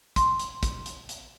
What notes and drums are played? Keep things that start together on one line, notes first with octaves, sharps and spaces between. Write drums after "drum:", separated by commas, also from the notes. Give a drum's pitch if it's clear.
C6, drum: kick, hi-hat
drum: hi-hat
drum: kick, hi-hat
drum: hi-hat
drum: hi-hat